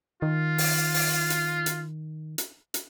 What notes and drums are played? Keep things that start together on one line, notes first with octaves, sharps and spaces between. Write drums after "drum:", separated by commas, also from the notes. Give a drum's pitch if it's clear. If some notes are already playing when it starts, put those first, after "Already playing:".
D#3 F4
drum: open hi-hat
drum: open hi-hat
drum: hi-hat
drum: hi-hat
drum: hi-hat
drum: hi-hat